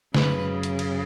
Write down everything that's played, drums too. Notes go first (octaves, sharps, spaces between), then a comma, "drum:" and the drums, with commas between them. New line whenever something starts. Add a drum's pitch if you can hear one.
F#2 C#3 B4, drum: snare
drum: hi-hat
drum: cymbal